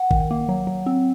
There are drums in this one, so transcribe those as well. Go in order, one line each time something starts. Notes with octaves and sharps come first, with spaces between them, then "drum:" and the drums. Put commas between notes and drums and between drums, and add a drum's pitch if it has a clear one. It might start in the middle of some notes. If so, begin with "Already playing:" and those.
Already playing: F#5
D#3, drum: kick G#1
A#3
F#3
F#3
C4